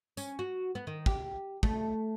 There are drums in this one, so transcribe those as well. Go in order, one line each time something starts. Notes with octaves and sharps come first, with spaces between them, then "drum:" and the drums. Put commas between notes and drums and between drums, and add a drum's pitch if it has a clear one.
C#4, drum: tambourine
F#4
B3
D#3
G4, drum: kick
A3, drum: kick